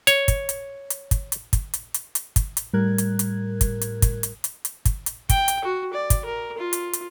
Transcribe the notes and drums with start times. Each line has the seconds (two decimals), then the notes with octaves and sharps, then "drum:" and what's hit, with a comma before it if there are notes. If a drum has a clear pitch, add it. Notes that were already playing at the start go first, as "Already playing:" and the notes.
0.07 C#5, drum: hi-hat
0.28 drum: kick, hi-hat
0.49 drum: hi-hat
0.90 drum: hi-hat
1.11 drum: kick, hi-hat
1.32 drum: hi-hat
1.53 drum: kick, hi-hat
1.74 drum: hi-hat
1.94 drum: hi-hat
2.15 drum: hi-hat
2.36 drum: kick, hi-hat
2.57 drum: hi-hat
2.73 A2 G3 A#4 F#6 G#6
2.98 drum: hi-hat
3.19 drum: hi-hat
3.61 drum: kick, hi-hat
3.81 drum: hi-hat
4.02 drum: kick, hi-hat
4.23 drum: hi-hat
4.44 drum: hi-hat
4.65 drum: hi-hat
4.85 drum: kick, hi-hat
5.06 drum: hi-hat
5.29 G5, drum: kick, hi-hat
5.48 drum: hi-hat
5.65 F#4
5.94 D5
6.10 drum: kick, hi-hat
6.25 A#4
6.58 F4
6.73 drum: hi-hat
6.93 drum: hi-hat